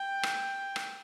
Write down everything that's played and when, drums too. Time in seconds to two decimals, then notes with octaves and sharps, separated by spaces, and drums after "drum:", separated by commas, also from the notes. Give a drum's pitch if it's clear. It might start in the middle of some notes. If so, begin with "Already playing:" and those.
Already playing: G5
0.23 drum: rim click
0.76 drum: rim click